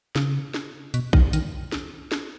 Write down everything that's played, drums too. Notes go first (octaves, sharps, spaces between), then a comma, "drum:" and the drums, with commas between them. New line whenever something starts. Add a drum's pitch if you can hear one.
C#3, drum: snare
drum: snare
B2, drum: hi-hat
D#3, drum: kick A#1
D#3, drum: hi-hat
drum: snare
drum: snare